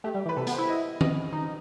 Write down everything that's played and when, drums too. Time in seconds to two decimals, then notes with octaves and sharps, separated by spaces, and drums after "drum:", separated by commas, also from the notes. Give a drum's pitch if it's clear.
0.04 A3 G4
0.14 G3
0.26 E3
0.29 B4
0.37 C3 A4
0.47 B3, drum: hi-hat
0.52 C5
0.58 E4
0.68 D#5
1.01 D#5, drum: tom D#3
1.32 D#4